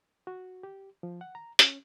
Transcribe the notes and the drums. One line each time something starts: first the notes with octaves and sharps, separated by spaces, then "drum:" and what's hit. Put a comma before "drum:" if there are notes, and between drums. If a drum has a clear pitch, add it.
F#4
G4
F3
F#5
A#5
C#4, drum: hi-hat